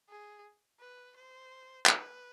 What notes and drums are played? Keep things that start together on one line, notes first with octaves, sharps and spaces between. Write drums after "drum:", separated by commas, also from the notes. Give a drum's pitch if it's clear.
G#4
B4
C5
B4, drum: clap